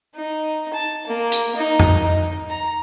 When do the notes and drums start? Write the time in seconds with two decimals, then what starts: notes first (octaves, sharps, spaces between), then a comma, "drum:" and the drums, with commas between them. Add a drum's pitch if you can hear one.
0.15 D#4
0.73 A5
1.07 A#3
1.32 drum: hi-hat
1.56 D#4
1.80 drum: tom F2
2.05 D#4
2.50 A#5